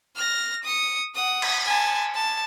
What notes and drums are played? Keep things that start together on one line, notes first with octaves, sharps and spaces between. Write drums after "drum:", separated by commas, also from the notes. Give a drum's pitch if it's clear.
F6 A#6
D#6 C#7
F#5 D#6
drum: cymbal
G#5 A5
A5